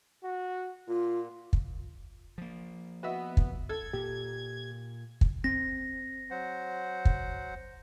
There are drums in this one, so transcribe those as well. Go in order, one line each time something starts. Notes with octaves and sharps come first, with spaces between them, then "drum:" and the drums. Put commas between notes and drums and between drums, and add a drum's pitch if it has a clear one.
F#4
A#2 F4
drum: kick
F3 A#3
B3 F#4 D#5 E5
drum: kick
A4 G#6
A#2 G4
drum: kick
C4 A#6
F#3 C5 F#5
drum: kick